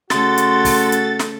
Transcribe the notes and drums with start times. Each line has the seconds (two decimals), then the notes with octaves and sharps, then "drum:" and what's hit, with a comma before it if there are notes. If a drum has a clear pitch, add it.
0.10 C#3 A3 F#4 A4 C6 A6, drum: snare
0.38 drum: hi-hat
0.65 drum: kick, open hi-hat
0.92 drum: hi-hat
1.20 drum: snare